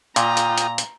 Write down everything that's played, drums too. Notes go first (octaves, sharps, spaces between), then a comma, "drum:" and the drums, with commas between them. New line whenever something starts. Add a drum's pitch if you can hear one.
A#2 F4 G5 A#5 D#6, drum: hi-hat
drum: hi-hat
drum: hi-hat
drum: hi-hat